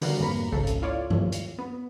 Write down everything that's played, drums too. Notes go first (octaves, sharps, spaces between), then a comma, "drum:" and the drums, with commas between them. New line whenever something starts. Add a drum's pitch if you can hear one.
D3 D#3 G3 B3 F#4 A#4, drum: open hi-hat
F2 G#2 A#3 A#5 B5
G#1 C#2 G#2 C#3 A4
drum: hi-hat
E4 F4 C#5 D5
drum: tom G2
drum: hi-hat
B3